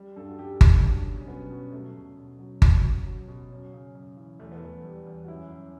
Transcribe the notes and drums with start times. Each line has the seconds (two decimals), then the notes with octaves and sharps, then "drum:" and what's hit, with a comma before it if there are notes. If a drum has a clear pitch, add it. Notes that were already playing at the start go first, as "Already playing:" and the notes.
Already playing: G3
0.16 G2 A4
0.28 F#4
0.38 G3 G4
0.53 A4
0.61 G3 G4, drum: kick G1
0.83 F#3 D4
1.05 B2
1.20 C#4
1.27 F#3 B3
1.50 B2
1.72 F#3 A3
1.95 B2
2.17 B2
2.39 F#3
2.62 B2, drum: kick G1
2.83 F#3
3.06 F#3
3.28 B2
3.51 F#2
3.72 C#3
3.95 F#2
4.17 E3
4.39 E2 A3
4.52 B3
4.62 E2 A3
4.84 G3
5.07 E2
5.25 F#4
5.28 F#2 E4
5.51 F#2